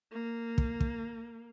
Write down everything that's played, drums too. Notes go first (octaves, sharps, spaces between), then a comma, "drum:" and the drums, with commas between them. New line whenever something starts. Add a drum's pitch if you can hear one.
A#3
drum: kick
drum: kick